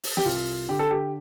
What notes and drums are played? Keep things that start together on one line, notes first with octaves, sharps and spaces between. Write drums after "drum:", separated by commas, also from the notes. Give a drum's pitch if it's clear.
drum: open hi-hat
G4, drum: snare
C2 F4
D3 G4
A4
G4